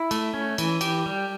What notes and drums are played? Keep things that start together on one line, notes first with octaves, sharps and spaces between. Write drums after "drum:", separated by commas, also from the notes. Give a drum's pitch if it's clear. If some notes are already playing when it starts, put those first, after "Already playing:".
Already playing: E4
A3, drum: cymbal
C#4
E3, drum: cymbal
G4, drum: cymbal
G3